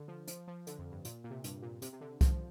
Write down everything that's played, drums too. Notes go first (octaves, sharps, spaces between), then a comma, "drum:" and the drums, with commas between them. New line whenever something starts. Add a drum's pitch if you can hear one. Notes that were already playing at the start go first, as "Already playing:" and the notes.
Already playing: D3
F3
F3, drum: hi-hat
F3
D3, drum: hi-hat
F2
G2
A#2, drum: hi-hat
A#2
C3
G2, drum: hi-hat
A#2
C3, drum: hi-hat
C3
D3
F3, drum: kick C2, hi-hat